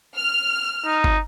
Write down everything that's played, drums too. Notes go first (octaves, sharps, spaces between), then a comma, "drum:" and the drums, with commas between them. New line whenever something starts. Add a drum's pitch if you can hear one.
F6
D#4
drum: kick G1